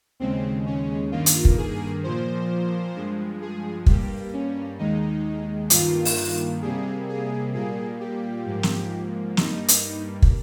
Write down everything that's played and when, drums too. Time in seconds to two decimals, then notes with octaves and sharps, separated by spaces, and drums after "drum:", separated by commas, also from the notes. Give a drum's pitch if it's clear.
0.20 D#2 C#3 G#3 C4
0.66 C#4
1.12 G2 D#3 A#3 F4
1.26 drum: hi-hat
1.45 drum: kick
1.58 G#4
2.04 A#2 F3 A#3 C5
2.96 G2 F3 G#3
3.42 G#4
3.86 G2 G3 A#3 G4, drum: kick
4.33 C#4
4.79 D#2 D#3 G#3 D#4
5.70 G2 D#3 A#3 F4, drum: hi-hat
6.05 drum: open hi-hat
6.62 C3 G3 A#3 G#4
7.09 G#4
7.54 A#2 G3 A#3 G#4
8.00 G4
8.46 G#2 F3 A#3
8.63 drum: snare
9.37 G2 G3 A#3 D#4, drum: snare
9.68 drum: hi-hat
10.22 drum: kick